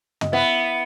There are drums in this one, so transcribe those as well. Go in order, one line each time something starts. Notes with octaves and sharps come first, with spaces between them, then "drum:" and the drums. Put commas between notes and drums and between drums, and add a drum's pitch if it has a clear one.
D#5, drum: tom
B3 E4 E5